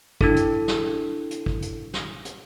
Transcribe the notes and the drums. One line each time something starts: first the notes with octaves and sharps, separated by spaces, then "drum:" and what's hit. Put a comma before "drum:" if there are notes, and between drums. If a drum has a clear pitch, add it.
D4 E4 A4, drum: kick
drum: hi-hat
drum: snare
drum: hi-hat
drum: kick
drum: hi-hat
drum: snare
drum: hi-hat